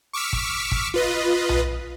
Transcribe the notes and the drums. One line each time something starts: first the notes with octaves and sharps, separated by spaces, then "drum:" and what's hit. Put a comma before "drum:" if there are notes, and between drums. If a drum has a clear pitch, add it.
C#6 D6 E6 F6 B6
drum: kick
drum: kick
F4 B4 D#5
drum: tom B1